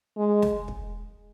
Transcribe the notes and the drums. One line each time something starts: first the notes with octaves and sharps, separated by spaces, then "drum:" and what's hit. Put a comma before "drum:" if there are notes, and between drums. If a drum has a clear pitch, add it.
G#3
drum: snare
drum: kick